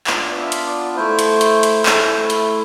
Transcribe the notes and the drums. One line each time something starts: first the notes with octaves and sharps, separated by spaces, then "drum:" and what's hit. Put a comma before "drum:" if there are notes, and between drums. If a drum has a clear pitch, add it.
B3 D4 F4 D5, drum: clap
E5
drum: hi-hat
D5
A3 E4 C5
drum: hi-hat
drum: hi-hat
drum: hi-hat
A3 E4, drum: clap
drum: hi-hat